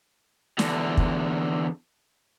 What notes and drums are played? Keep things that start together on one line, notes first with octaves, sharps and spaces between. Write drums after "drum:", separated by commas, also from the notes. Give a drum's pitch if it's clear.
E2 D3, drum: snare
drum: kick